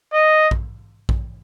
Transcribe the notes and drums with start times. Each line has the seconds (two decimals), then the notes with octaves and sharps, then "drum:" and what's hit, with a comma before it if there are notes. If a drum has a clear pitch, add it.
0.13 D#5
0.51 drum: kick A#1
1.09 drum: kick A#1